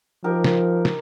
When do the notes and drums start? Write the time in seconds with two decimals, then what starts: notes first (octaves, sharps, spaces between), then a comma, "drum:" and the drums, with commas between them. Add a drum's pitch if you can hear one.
0.24 F3 D#4 G4 A#4
0.44 drum: snare
0.85 drum: snare